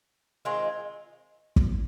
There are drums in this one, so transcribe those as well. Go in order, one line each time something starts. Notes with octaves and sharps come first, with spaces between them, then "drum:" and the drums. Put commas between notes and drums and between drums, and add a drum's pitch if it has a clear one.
D#3 G#3 C4 F4
drum: kick